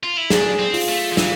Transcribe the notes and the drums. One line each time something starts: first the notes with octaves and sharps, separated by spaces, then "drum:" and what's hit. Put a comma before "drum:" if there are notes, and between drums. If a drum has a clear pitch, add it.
F4
E4
D4 G#4, drum: snare
C4
F4, drum: open hi-hat
A3
F3
E3 F4, drum: snare